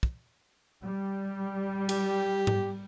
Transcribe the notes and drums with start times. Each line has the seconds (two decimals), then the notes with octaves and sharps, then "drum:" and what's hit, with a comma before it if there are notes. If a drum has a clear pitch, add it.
0.03 drum: kick
0.82 G3
1.89 G4, drum: cymbal
2.47 drum: tom G#2